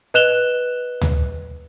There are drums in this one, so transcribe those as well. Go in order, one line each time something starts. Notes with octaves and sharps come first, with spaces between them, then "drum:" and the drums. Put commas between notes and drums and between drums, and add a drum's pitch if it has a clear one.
B4 D#5 F#6 E7 F7 G7
drum: tom D2